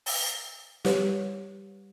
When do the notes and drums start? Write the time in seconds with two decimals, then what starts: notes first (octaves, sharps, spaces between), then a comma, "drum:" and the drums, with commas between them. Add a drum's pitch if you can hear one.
0.06 drum: open hi-hat
0.85 G3 G4 B4 C#5, drum: snare